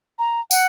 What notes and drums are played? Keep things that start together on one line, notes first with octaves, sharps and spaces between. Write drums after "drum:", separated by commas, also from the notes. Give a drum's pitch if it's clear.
A#5
F#5, drum: tambourine